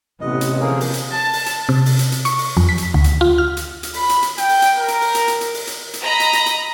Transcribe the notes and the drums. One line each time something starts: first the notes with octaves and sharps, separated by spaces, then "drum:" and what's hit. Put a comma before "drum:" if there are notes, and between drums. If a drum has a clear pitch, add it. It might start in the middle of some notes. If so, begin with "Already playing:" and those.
A1 C3 B3 D#5
drum: hi-hat
D3 F3 A#3 G#4 A#4
drum: open hi-hat
drum: hi-hat
A5
drum: open hi-hat
drum: hi-hat
C3
drum: open hi-hat
drum: hi-hat
drum: hi-hat
C#6, drum: hi-hat
drum: open hi-hat
F2
B6
drum: hi-hat
D2
drum: hi-hat
F4
F6
drum: hi-hat
drum: hi-hat
B5, drum: open hi-hat
drum: hi-hat
drum: hi-hat
G5, drum: hi-hat
drum: open hi-hat
drum: hi-hat
A#4
drum: hi-hat
drum: open hi-hat
drum: hi-hat
drum: hi-hat
drum: hi-hat
drum: open hi-hat
drum: hi-hat
drum: hi-hat
D#5 A#5 B5
drum: hi-hat
drum: hi-hat
drum: hi-hat